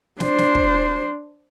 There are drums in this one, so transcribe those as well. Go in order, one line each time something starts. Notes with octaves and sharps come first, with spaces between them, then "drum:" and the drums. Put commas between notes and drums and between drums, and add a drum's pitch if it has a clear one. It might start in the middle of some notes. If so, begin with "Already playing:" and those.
D4 C5, drum: snare
drum: snare
drum: kick